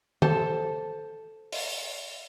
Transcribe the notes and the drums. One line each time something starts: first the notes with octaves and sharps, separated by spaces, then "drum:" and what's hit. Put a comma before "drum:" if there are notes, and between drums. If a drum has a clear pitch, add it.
A4 C5 A5, drum: tom
drum: open hi-hat